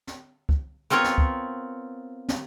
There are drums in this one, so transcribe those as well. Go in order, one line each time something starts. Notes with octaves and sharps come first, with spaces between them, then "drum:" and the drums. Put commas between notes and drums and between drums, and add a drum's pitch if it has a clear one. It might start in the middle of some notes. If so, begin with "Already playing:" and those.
drum: snare
drum: kick
B3 C4 F4 A#4 C#5
drum: snare
drum: kick
drum: snare